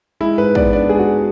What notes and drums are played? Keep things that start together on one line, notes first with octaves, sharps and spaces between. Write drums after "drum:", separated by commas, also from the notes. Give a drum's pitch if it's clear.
G#3 E4
G#2 B4
B3 D5, drum: kick
D4 D5
G#3 G#4
F#4